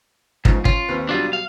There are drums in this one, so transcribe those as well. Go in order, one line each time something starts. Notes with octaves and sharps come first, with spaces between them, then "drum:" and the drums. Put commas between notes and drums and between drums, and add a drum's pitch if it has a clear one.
C#2 G#2 C#3 F3, drum: kick
C#4 F4, drum: kick
D#2 C4 B4
B2 F#3 G3 D4 F4
F5